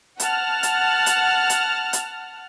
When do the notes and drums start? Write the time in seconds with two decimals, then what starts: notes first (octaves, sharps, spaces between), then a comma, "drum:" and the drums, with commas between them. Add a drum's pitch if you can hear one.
0.20 F#5 A5 F6, drum: hi-hat
0.63 drum: hi-hat
1.06 drum: hi-hat
1.50 drum: hi-hat
1.93 drum: hi-hat